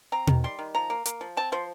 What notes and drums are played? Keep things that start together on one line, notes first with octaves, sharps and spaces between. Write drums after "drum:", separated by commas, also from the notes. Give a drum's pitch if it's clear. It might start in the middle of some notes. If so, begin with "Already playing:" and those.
C4 A#5
D#3, drum: tom B2
G3 C6
D#3
F3 A#5
A#3
A#3, drum: hi-hat
F3
C4 A5
F3 C5